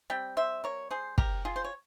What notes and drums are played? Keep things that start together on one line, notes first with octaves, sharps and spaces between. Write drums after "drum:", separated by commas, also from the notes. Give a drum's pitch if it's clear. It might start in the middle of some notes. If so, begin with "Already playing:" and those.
G3 C4 G5
C5 E5
A#4 C#5
G#4 C5
G4 A#4, drum: kick
F4 G#4
C5
C#5